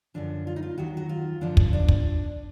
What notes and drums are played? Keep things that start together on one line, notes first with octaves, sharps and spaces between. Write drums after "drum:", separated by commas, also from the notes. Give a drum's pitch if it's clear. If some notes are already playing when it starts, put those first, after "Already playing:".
F#2 D3 F3 D4
F4
D#4
F4
D#2 D#3 F#3 F#4
F#4
F4
F#2 D3 F3 D4
drum: kick
D4
drum: kick